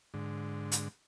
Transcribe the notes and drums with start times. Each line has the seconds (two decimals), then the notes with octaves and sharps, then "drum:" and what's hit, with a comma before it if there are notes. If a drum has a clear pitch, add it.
0.14 G#2 D3
0.72 drum: hi-hat